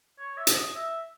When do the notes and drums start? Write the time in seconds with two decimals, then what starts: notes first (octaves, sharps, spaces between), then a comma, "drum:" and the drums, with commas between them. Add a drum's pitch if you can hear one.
0.19 C#5
0.37 E5
0.47 D#5, drum: hi-hat
0.75 E5